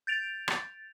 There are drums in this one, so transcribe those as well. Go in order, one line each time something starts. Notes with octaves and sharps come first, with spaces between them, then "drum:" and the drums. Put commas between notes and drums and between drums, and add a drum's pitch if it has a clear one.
G6 A6 D7 F7
drum: rim click